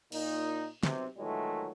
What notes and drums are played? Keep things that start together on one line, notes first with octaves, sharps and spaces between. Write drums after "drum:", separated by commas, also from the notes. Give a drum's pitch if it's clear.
A#2 D#4, drum: cymbal
B1 C3, drum: snare
A#2 D#3 E3 F#3 G#3 A3